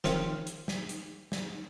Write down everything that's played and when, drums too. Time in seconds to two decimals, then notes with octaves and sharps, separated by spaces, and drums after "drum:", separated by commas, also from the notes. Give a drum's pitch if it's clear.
0.04 D#3 F3 C4 C#4 F4 F5, drum: snare
0.47 drum: hi-hat
0.68 drum: snare
0.89 drum: hi-hat
1.32 drum: snare